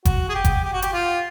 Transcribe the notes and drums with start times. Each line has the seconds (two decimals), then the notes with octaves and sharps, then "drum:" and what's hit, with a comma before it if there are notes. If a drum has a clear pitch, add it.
0.05 F#4, drum: kick G1, hi-hat
0.29 G#4
0.35 G4
0.44 drum: kick G1, hi-hat
0.64 G4
0.73 F#4
0.82 G4, drum: hi-hat
0.93 F4